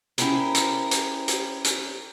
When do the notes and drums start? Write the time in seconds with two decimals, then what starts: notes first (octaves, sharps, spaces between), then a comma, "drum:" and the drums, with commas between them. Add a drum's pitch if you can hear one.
0.18 C#4 E4 G4 G#4 A#4 C5, drum: hi-hat
0.54 drum: hi-hat
0.91 drum: hi-hat
1.28 drum: hi-hat
1.64 drum: hi-hat